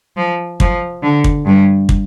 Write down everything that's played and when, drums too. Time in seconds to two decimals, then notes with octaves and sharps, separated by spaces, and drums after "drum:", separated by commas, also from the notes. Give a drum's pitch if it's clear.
0.17 F3
0.60 F3, drum: kick
1.03 D3
1.24 drum: kick
1.46 G2
1.89 drum: kick